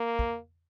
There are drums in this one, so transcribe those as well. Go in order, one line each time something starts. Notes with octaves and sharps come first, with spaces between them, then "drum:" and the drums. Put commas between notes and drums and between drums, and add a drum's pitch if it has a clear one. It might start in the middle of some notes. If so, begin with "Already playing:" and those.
Already playing: A#3
drum: kick